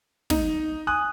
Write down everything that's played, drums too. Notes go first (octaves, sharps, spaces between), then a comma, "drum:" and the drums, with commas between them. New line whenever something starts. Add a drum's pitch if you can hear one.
D#4, drum: snare
G#5 D#6 F#6